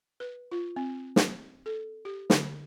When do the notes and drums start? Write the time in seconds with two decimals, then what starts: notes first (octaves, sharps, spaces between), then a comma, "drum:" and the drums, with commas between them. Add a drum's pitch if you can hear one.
0.20 B4
0.51 F4
0.76 C4
1.16 drum: snare
1.66 A4
2.05 G4
2.30 D3, drum: snare